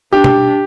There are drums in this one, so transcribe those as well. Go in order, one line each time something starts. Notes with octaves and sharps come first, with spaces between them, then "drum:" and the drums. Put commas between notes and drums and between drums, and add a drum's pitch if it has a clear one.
D4 G4
drum: tom B2